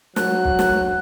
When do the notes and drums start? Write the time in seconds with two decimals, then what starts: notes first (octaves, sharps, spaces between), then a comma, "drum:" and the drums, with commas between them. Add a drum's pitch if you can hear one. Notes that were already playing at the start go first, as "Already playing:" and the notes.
0.16 F#3 F#6, drum: snare
0.45 drum: kick B1
0.59 drum: snare